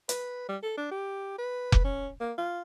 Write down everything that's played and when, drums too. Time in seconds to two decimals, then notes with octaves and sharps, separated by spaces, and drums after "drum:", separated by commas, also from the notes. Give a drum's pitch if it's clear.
0.09 B4, drum: hi-hat
0.49 G3
0.63 A4
0.78 D4
0.91 G4
1.39 B4
1.72 drum: kick F1
1.84 C#4
2.21 A#3
2.38 F4